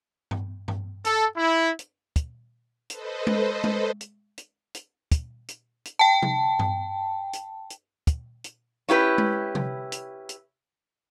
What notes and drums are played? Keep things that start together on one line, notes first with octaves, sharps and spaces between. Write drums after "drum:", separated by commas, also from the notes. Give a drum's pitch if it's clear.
drum: tom G2
drum: tom G2
A4, drum: hi-hat
E4
drum: hi-hat
drum: kick, hi-hat
A4 B4 C5 D#5, drum: hi-hat
drum: tom G#3
drum: tom G#3
drum: hi-hat
drum: hi-hat
drum: hi-hat
drum: kick, hi-hat
drum: hi-hat
drum: hi-hat
G5 A5
drum: tom C3
drum: tom G2
drum: hi-hat
drum: hi-hat
drum: kick, hi-hat
drum: hi-hat
C#4 E4 G4 B4
drum: tom G#3
drum: tom C3
drum: hi-hat
drum: hi-hat